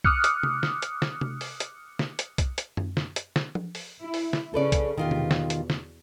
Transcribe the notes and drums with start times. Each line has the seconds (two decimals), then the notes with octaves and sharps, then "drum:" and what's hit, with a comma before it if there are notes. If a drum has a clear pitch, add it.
0.04 D6 D#6 F6 F#6 C#7, drum: kick
0.24 drum: hi-hat
0.43 drum: tom C3
0.63 drum: snare
0.82 drum: hi-hat
1.02 drum: snare
1.21 drum: tom C3
1.41 drum: open hi-hat
1.60 drum: hi-hat
1.99 drum: snare
2.19 drum: hi-hat
2.38 drum: kick, hi-hat
2.58 drum: hi-hat
2.77 drum: tom F#2
2.97 drum: snare
3.16 drum: hi-hat
3.36 drum: snare
3.55 drum: tom F3
3.75 drum: open hi-hat
4.01 E4
4.14 drum: open hi-hat
4.33 drum: snare
4.54 C#3 C#4 A4 B4 D5
4.72 drum: kick, hi-hat
4.98 E2 B2 D#3 F4 G4
5.11 drum: tom C3
5.31 drum: snare
5.50 drum: hi-hat
5.70 drum: snare